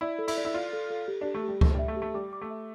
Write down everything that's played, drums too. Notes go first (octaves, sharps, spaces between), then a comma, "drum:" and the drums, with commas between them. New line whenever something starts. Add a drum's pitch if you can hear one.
E4 D5
A4
E4, drum: cymbal
D5
E4
F4 D5
A4
A4
G4
D4 G4
A3
G3 G4
A3 D4, drum: kick C#2
G3 E5
A3
G4
A3
G3 D6
D6
A3
E5